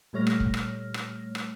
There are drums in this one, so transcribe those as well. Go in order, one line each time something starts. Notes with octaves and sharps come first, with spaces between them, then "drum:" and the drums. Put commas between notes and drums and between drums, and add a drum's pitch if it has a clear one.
A#2 G3 A3 C#5 F6 A#6
drum: rim click
drum: kick F1
drum: rim click
drum: rim click
drum: rim click